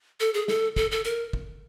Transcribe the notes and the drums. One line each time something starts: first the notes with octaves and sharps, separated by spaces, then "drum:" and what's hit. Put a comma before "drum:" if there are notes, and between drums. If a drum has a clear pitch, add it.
A4
G#4
A4, drum: snare
A4, drum: kick
A4
A#4, drum: hi-hat
drum: kick